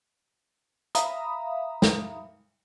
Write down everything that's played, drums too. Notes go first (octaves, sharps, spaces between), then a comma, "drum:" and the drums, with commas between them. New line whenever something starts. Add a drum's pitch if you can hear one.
E5 F5 A#5 B5 D#6, drum: hi-hat
drum: snare